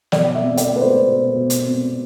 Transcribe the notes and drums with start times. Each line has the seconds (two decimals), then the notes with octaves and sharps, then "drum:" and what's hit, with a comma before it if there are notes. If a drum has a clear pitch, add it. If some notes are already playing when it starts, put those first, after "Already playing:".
0.12 B2 D5, drum: snare
0.35 E5
0.43 C4
0.57 D5, drum: hi-hat
0.73 A3 B4
0.81 C5
1.04 B2
1.34 B2
1.50 drum: hi-hat
1.65 C4